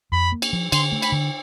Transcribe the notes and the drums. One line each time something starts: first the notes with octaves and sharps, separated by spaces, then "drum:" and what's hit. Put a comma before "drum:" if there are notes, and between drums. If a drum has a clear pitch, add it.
F2 B5
A#3
drum: cymbal
F3
D3 C6, drum: cymbal
A3
B5, drum: cymbal
D3